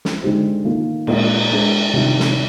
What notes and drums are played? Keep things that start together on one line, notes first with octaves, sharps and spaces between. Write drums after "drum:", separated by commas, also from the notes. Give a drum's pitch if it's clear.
drum: snare
D3 G#3 D#4 G4 C5
D#3 A#3 F4
A#2 G#3 D4 F4, drum: cymbal
G#3 D4 G#4 C5
C3 D#3 G3 D4 F4
drum: snare